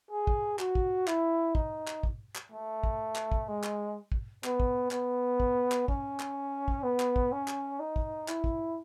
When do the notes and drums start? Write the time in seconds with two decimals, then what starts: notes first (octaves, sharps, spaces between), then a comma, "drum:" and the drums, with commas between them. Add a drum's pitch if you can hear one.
0.11 G#4
0.27 drum: kick
0.59 F#4, drum: clap
0.75 drum: kick
1.08 E4, drum: clap
1.55 D#4, drum: kick
1.87 drum: clap
2.03 drum: kick
2.35 drum: clap
2.52 A3
2.83 drum: kick
3.16 drum: clap
3.32 drum: kick
3.48 G#3
3.64 drum: clap
4.12 drum: kick
4.44 B3, drum: clap
4.60 drum: kick
4.91 B3, drum: clap
5.40 drum: kick
5.72 drum: clap
5.88 C#4, drum: kick
6.20 drum: clap
6.68 drum: kick
6.83 B3
7.00 drum: clap
7.16 drum: kick
7.32 C#4
7.48 drum: clap
7.80 D#4
7.96 drum: kick
8.28 E4, drum: clap
8.44 drum: kick